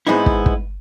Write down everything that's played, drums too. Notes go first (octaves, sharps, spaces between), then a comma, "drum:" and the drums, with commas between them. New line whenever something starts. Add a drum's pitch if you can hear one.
G#2 G#3 B3 C4 D#4 E4
drum: kick
drum: kick